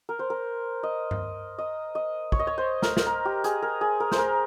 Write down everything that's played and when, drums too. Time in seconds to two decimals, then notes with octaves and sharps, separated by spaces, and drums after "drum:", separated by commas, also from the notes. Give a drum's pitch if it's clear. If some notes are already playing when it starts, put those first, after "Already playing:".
0.09 A#4
0.19 C5
0.30 A#4
0.83 D#5
1.11 drum: tom G2
1.58 D#5
1.95 D#5
2.32 C#5, drum: kick
2.39 D#5
2.47 C#5
2.58 C5
2.82 A#4, drum: snare
2.97 drum: snare
3.06 A#4
3.25 G4
3.44 G#4, drum: hi-hat
3.62 A#4
3.81 G#4
4.00 A#4
4.12 C5, drum: snare
4.18 A#4